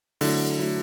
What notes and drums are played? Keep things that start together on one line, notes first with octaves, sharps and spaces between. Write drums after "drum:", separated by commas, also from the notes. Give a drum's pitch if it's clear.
D3 F#3 A3 E4, drum: open hi-hat
F#3 A3 E4